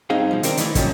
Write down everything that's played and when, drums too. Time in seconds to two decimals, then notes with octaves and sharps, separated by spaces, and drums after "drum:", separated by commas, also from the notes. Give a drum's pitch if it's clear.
0.10 G2 C4 D#4 G#4 F5
0.31 B2 F3
0.43 D#3 C4 D4 A#4, drum: hi-hat
0.57 D#3 E3 A3 D#4 E4, drum: hi-hat
0.75 G2 A#2 D#3 F3 F#3 C#4, drum: kick, hi-hat